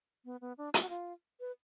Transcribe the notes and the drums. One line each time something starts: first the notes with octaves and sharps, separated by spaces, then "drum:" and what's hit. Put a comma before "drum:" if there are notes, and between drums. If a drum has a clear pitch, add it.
B3
B3
D4
F4, drum: hi-hat
F#4
F4
B4